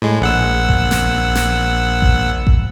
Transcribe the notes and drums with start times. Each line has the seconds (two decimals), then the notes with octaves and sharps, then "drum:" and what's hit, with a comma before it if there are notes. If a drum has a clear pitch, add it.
0.02 A2 G#3
0.21 A#1 F#5 E6
0.69 drum: kick A1
0.91 drum: snare
1.35 drum: snare
2.02 drum: kick A1
2.47 drum: kick A1